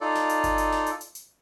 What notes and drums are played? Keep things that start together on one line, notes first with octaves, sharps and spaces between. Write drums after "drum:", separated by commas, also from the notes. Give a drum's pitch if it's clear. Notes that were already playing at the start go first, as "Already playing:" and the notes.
D#4 F4 A4 D5
drum: snare
drum: hi-hat
drum: kick G1, hi-hat
drum: hi-hat
drum: snare
drum: hi-hat
drum: hi-hat
drum: hi-hat